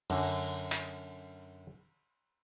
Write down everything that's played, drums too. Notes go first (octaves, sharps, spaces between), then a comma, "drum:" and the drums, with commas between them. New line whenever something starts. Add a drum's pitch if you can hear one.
F#2 D3, drum: cymbal
drum: clap